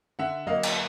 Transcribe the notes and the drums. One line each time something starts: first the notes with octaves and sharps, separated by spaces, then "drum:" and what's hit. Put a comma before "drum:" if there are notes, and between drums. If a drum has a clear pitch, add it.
D3 E5 F#5
F#3 A#3 D#5 F5
drum: cymbal